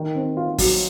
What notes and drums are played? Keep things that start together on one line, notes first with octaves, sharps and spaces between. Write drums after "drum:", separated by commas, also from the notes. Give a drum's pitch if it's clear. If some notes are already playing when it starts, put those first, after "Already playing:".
Already playing: D#3
C4
F4
F#3, drum: kick, open hi-hat